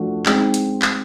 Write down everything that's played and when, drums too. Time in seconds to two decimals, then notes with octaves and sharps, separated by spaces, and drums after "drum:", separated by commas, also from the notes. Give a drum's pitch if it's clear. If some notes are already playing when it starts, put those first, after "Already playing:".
Already playing: F3 A3 D4 F#4
0.26 G#3 C4 D#4, drum: clap
0.54 drum: hi-hat
0.82 drum: clap